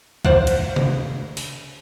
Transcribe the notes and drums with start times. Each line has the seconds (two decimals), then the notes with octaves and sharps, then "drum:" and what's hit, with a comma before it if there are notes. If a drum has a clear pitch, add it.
0.25 C5 D5 F5 F#5, drum: kick C2
0.47 drum: cymbal
0.76 drum: tom C3
1.37 drum: open hi-hat